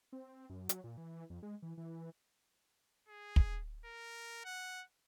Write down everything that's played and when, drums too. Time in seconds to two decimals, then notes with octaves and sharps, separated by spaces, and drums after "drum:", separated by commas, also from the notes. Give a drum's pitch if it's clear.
0.13 C4
0.50 F#2
0.69 F#3, drum: hi-hat
0.84 A#2
0.97 E3
1.30 F2
1.43 G#3
1.62 E3
1.77 E3
3.08 G#4
3.36 drum: kick
3.85 A#4
4.45 F#5